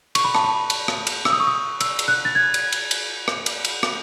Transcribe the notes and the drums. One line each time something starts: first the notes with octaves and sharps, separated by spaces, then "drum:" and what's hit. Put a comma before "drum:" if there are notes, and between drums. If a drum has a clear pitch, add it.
C#6, drum: cymbal
B5
A5, drum: rim click
B5
drum: cymbal
drum: rim click
drum: cymbal
E6, drum: rim click
D#6
C#6
D#6
E6, drum: cymbal
drum: cymbal
F#6
A6
G#6
drum: cymbal
drum: cymbal
drum: cymbal
drum: rim click
drum: cymbal
drum: cymbal
drum: rim click